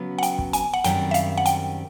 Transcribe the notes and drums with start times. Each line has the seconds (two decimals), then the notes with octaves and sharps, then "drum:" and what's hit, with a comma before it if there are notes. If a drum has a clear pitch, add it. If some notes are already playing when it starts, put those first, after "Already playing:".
Already playing: C#3 F#3 B3
0.19 F#5
0.23 G5, drum: hi-hat
0.39 drum: kick
0.53 G#5, drum: hi-hat
0.74 F#5
0.84 F#2 D#3 G3 C4 G5, drum: hi-hat
1.11 E5
1.14 F5, drum: hi-hat
1.38 F#5
1.46 G5, drum: hi-hat